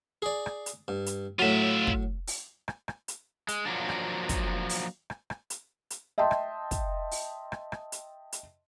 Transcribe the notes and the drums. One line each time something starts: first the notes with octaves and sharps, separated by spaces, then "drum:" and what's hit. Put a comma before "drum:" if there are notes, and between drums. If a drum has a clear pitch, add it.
G#4 D5
drum: rim click
drum: hi-hat
G2
drum: hi-hat
A2 F#3 F4 E5
drum: kick
drum: open hi-hat
drum: rim click
drum: rim click
drum: hi-hat
G#3, drum: hi-hat
F3 F#3 A#3 D4
drum: rim click
drum: kick, hi-hat
drum: open hi-hat
drum: rim click
drum: rim click
drum: hi-hat
drum: hi-hat
D#5 E5 G5 A5 C6
drum: rim click
drum: kick, hi-hat
drum: open hi-hat
drum: rim click
drum: rim click
drum: hi-hat
drum: hi-hat